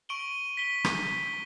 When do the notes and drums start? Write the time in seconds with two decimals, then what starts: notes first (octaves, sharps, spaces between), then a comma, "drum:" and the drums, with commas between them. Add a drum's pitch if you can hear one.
0.09 C#6 D7 D#7 F#7 G7
0.57 B6 G7
0.84 drum: rim click